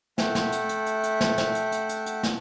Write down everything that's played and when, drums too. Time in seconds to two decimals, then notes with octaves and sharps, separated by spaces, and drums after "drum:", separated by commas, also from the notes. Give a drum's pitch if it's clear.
0.18 A3 E5 F#5 G5, drum: snare
0.35 drum: snare
0.52 drum: hi-hat
0.69 drum: hi-hat
0.86 drum: hi-hat
1.04 drum: hi-hat
1.21 drum: snare
1.38 drum: snare
1.55 drum: hi-hat
1.72 drum: hi-hat
1.89 drum: hi-hat
2.06 drum: hi-hat
2.23 drum: snare